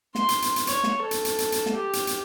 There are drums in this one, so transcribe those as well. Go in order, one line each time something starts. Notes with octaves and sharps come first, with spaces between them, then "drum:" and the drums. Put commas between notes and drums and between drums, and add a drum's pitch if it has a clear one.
C6, drum: snare
drum: hi-hat
drum: hi-hat
drum: hi-hat
C#5, drum: hi-hat
drum: snare
A4
drum: hi-hat
drum: hi-hat
drum: hi-hat
drum: hi-hat
drum: snare
G4
drum: hi-hat
drum: hi-hat